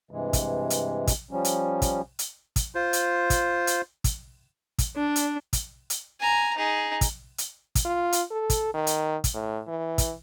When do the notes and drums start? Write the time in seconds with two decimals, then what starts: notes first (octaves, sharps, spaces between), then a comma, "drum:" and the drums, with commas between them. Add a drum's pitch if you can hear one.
0.11 G2 C3 E3 G#3
0.33 drum: kick, hi-hat
0.70 drum: hi-hat
1.07 drum: kick, hi-hat
1.31 F3 G3 C#4
1.45 drum: hi-hat
1.82 drum: kick, hi-hat
2.19 drum: hi-hat
2.56 drum: kick, hi-hat
2.75 F4 C5
2.93 drum: hi-hat
3.30 drum: kick, hi-hat
3.67 drum: hi-hat
4.04 drum: kick, hi-hat
4.79 drum: kick, hi-hat
4.96 D4
5.16 drum: hi-hat
5.53 drum: kick, hi-hat
5.90 drum: hi-hat
6.20 G#5 A#5
6.57 D#4 G#4
7.01 drum: kick, hi-hat
7.38 drum: hi-hat
7.75 drum: kick, hi-hat
7.85 F4
8.12 drum: hi-hat
8.31 A4
8.50 drum: kick, hi-hat
8.74 D#3
8.87 drum: hi-hat
9.24 drum: kick, hi-hat
9.34 A2
9.68 E3
9.98 drum: kick, hi-hat